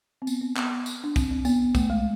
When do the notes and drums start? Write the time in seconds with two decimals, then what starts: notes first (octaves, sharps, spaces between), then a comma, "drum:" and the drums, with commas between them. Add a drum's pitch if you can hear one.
0.22 C4
0.27 B3, drum: tambourine
0.41 C4
0.57 B3, drum: clap
0.86 drum: tambourine
1.04 D4
1.16 C4, drum: kick, tambourine
1.30 C4
1.45 B3, drum: tambourine
1.75 A3, drum: kick, tambourine
1.90 G#3